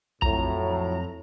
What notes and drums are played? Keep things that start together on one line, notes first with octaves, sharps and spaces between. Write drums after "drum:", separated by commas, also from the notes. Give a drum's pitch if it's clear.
F2 A2 F#3 A#5, drum: kick